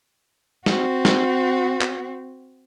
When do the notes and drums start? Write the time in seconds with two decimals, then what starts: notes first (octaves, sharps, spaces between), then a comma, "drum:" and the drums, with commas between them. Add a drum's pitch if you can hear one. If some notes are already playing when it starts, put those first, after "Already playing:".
0.66 C4 F#4, drum: snare
1.05 drum: snare
1.81 drum: clap